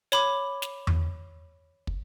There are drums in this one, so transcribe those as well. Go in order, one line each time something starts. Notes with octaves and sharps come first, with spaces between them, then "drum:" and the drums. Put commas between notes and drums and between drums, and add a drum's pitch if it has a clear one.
C#5 B5 D6, drum: snare
drum: snare
drum: tom E2
drum: kick